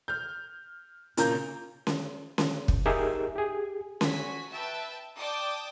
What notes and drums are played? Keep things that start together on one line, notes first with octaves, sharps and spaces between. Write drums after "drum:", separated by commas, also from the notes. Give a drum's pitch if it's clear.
F6 G6
A#2 C#3 A#3 A#5 G6, drum: hi-hat
drum: snare C#4
drum: snare C#4
drum: kick
D#4 G4 G#4 A#4 E5
G4 G#4
F#4 G#5 B6, drum: snare C#4
B4 E5 G5 A5
D5 G5 A5 D6 D#6